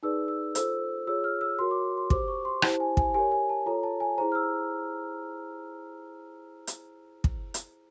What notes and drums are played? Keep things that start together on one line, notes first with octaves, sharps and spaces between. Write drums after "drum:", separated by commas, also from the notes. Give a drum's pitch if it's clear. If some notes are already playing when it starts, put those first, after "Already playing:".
D#4 G#4 B4 D5 E6
E6
F4 A4 C5 E6, drum: hi-hat
F4 G#4 C#5 E6
F6
E6
F#4 A#4 C#5 C6
D6
C6
G4 C5 D6, drum: kick
C#6
C6
E4 G4 C5 A5, drum: rim click
G#5
G#5, drum: kick
G4 A#4 C#5 G#5
G#5
A5
F4 A4 C#5 A#5
A5
G#5
E4 G#4 C5 A#5
F6
E6
drum: hi-hat
drum: kick
drum: hi-hat